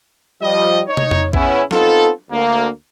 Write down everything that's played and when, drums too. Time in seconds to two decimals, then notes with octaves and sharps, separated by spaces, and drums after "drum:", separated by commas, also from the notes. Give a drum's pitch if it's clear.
0.41 F3 G3 D#5
0.88 D#4 C#5
0.97 drum: tom
1.11 drum: tom F2
1.33 C#3 B3 C#4 E4, drum: kick A1
1.71 B3 C4 D#4 F4 A4, drum: snare
2.31 D2 A#3